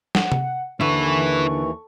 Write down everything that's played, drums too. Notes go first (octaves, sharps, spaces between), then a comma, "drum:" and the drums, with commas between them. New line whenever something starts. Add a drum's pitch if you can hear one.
F#5, drum: snare
drum: tom C3
D#2 D3 E3 E4 B4 C#6